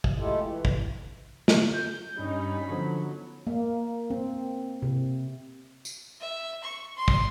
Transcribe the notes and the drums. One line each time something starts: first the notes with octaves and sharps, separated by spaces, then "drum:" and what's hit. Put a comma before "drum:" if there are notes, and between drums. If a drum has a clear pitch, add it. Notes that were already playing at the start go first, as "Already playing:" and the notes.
drum: kick
G#3 A3 E4 F4 G4 A4
E3
drum: kick
drum: snare
G6
G2 G3 C#4 D#4 B5
D3 F3 F#3 B3
A#3
C4
C3
drum: tambourine
E5
C#6
C6
drum: kick